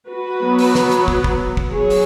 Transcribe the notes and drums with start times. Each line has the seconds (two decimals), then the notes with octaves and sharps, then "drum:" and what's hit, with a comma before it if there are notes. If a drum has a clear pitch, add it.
0.10 F#4 B4
0.42 F#3 B3
0.59 drum: open hi-hat
0.75 drum: snare
0.91 drum: hi-hat
1.08 drum: kick
1.24 drum: kick
1.57 drum: kick
1.73 F#3 G#4 C#5
1.90 drum: open hi-hat